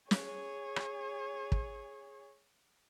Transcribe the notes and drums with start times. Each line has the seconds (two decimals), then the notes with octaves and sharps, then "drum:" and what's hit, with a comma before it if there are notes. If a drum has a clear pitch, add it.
0.11 G#4 C#5, drum: snare
0.76 drum: rim click
1.52 drum: kick